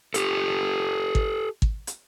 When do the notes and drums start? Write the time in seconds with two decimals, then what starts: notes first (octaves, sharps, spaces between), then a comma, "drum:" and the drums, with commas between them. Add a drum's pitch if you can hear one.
0.14 G4 A4, drum: hi-hat
1.15 drum: kick
1.62 drum: kick
1.87 drum: hi-hat